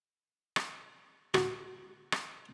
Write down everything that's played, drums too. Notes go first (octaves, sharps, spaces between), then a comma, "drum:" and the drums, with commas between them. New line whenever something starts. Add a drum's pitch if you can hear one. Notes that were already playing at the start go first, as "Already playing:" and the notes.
drum: rim click
F#4, drum: rim click
drum: rim click